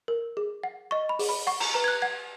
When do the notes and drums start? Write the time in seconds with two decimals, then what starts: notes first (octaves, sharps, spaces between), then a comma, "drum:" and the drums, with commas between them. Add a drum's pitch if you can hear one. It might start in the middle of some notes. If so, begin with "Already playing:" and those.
0.08 A#4
0.37 G#4
0.63 F#5
0.91 D#5 C#6
1.09 B5
1.19 G#4, drum: open hi-hat
1.29 B5
1.47 F#5 C#6
1.60 A#5, drum: cymbal
1.74 B4 A#5
1.84 G#6
1.88 F#6
2.02 F#5 G#6